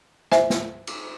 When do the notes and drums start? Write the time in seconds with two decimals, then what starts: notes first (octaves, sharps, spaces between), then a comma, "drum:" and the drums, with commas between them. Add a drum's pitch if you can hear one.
0.32 C5 E5 G#5, drum: snare
0.50 drum: snare
0.87 drum: cymbal